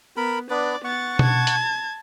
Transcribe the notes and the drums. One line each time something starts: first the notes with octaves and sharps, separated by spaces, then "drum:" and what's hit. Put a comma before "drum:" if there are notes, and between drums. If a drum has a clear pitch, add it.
B3 A#4 B5
B3 D4 B4 D5
B3 F#5 C#6 A6
A5 G#6, drum: tom B2
drum: hi-hat